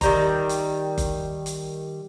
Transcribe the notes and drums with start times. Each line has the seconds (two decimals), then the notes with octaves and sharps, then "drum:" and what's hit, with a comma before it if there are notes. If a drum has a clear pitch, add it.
0.01 D#3 G3 A#5, drum: kick F#1, hi-hat
0.49 drum: hi-hat
0.98 drum: kick F#1, hi-hat
1.46 drum: hi-hat